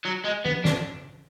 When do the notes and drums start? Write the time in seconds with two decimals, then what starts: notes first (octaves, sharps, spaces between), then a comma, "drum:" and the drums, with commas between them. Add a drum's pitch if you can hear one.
0.05 F#3
0.25 G#3
0.46 B3, drum: tom F3
0.65 D4, drum: snare